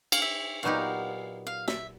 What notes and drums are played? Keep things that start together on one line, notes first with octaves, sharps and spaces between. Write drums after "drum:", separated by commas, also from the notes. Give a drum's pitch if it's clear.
F5, drum: cymbal
E5
A#2 F#3 B3 D#4 G4 F5
F5
E5, drum: snare